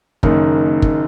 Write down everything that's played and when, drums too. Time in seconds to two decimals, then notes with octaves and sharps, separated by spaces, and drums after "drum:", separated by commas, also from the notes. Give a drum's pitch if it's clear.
0.23 F#1 F#2 D#3 A#3 D#4, drum: kick
0.82 drum: kick